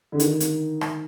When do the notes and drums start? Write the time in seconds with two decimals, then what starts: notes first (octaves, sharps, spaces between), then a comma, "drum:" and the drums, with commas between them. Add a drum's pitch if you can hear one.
0.12 D3
0.20 D#3, drum: hi-hat
0.40 drum: hi-hat
0.81 drum: rim click